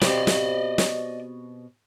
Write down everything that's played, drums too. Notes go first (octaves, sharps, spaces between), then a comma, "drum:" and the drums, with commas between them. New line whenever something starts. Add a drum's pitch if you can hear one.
B2 C4 G4 D5 D#5, drum: snare
drum: snare
drum: snare